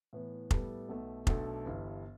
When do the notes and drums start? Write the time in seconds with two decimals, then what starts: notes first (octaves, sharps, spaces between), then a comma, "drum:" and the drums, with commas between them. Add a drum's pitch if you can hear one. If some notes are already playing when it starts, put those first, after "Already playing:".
0.13 A2 E3 B3
0.51 A2 G3 B3 E4 A4, drum: kick F1
0.89 B1 B2 A3
1.27 B1 B2 A3 D4 A4, drum: kick F1
1.65 G1 G2 E3